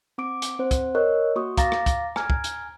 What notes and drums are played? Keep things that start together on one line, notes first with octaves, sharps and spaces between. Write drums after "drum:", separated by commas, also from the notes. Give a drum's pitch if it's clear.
C4 D6 D7
drum: hi-hat
C4 C5
drum: kick, hi-hat
A#4 C#5 D#5 C#6 F#6
A#3 F#4 C#6 D#6
F5 A#5 D6 A6 A#6, drum: kick, hi-hat
drum: rim click
drum: kick, hi-hat
G#5 A#5 F6 G#6, drum: rim click
drum: kick
drum: hi-hat